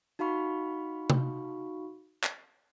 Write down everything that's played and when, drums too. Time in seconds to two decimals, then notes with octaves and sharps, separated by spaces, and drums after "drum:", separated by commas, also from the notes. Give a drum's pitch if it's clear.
0.19 D#4 F#4 F5 B5 C#6
1.10 drum: tom C3
2.24 drum: clap